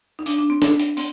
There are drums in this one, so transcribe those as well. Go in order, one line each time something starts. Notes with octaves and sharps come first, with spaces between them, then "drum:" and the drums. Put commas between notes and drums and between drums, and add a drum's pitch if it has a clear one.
D#4
D4, drum: open hi-hat
D4
C4
D4, drum: snare
drum: hi-hat
C4, drum: open hi-hat